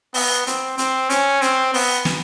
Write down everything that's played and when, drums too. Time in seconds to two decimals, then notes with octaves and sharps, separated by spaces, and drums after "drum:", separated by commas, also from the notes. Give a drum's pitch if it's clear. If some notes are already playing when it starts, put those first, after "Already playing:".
0.14 B3, drum: open hi-hat
0.47 C4, drum: hi-hat
0.78 C4, drum: hi-hat
1.10 C#4, drum: hi-hat
1.42 C4, drum: hi-hat
1.74 B3, drum: open hi-hat
2.05 drum: snare